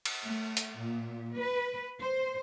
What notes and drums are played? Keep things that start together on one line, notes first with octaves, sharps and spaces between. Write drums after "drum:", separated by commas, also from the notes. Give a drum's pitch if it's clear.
drum: cymbal
A3
drum: hi-hat
A#2
B4
C5